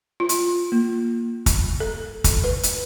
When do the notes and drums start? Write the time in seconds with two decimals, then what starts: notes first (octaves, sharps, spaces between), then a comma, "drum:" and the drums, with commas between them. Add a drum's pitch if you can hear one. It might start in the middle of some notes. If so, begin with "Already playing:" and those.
0.20 F4
0.29 drum: hi-hat
0.72 A#3
1.46 drum: kick, hi-hat
1.80 A4
2.24 drum: kick, hi-hat
2.44 B4
2.63 drum: hi-hat